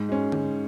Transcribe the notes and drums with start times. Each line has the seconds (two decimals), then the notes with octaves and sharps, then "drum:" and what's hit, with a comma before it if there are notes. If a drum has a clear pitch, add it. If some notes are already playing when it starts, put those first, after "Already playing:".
Already playing: G#2
0.09 G#3 C#4
0.32 G#2, drum: tom D3